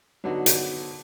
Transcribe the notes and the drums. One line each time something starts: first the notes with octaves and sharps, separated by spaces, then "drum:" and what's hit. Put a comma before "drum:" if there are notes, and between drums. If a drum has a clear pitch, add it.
D3 F#3 B3 D#4 F#4
drum: hi-hat